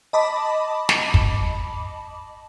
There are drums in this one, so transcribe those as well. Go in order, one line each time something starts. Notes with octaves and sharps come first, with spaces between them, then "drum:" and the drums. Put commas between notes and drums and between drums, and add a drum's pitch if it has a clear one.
D#5 A5 B5 D6
drum: snare
drum: kick